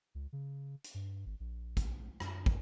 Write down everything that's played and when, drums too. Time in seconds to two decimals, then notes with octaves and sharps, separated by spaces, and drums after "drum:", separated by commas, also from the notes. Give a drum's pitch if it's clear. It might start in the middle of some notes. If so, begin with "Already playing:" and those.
0.15 C#2
0.33 C#3
0.84 drum: hi-hat
0.94 G2
1.26 G#1
1.40 A#1
1.77 drum: kick, hi-hat
2.20 F#2, drum: rim click
2.46 drum: kick